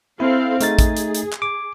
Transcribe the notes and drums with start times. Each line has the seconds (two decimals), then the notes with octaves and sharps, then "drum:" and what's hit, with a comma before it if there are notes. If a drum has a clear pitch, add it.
0.20 C4 E4 A4 F5
0.61 A3 D#4 G#4 A6, drum: hi-hat
0.79 drum: kick, hi-hat
0.97 drum: hi-hat
1.15 drum: hi-hat
1.33 drum: clap
1.42 D6